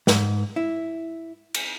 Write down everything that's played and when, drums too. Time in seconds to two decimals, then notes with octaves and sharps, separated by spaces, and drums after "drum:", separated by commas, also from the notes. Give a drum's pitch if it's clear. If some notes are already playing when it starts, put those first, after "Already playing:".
0.07 G#2, drum: snare
0.56 E4
1.54 drum: cymbal